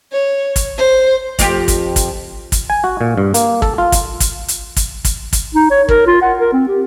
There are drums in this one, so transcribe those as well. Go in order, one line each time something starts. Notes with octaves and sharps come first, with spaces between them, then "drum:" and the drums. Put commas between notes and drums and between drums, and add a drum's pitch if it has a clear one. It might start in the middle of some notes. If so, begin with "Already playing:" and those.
C#5
drum: kick, hi-hat
C5
F2 F4 G4, drum: kick, hi-hat
drum: kick, hi-hat
drum: kick, hi-hat
drum: kick, hi-hat
G#5
F#4
A#2
G2
A#3, drum: hi-hat
A4, drum: kick
F4
drum: kick, hi-hat
drum: kick, hi-hat
drum: hi-hat
drum: kick, hi-hat
drum: kick, hi-hat
drum: kick, hi-hat
D#4
C#5
A#4, drum: kick
F4
F#5
A#4
C4
G4